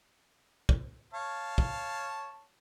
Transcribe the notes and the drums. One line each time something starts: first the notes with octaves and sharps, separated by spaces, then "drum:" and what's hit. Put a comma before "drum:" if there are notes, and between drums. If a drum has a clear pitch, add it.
drum: kick
C#5 F5 A5
drum: kick